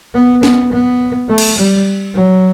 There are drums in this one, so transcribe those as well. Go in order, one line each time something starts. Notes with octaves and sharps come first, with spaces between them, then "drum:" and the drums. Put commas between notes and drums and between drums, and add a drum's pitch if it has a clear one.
B3
B3, drum: snare
B3
A3
drum: cymbal
G3
F#3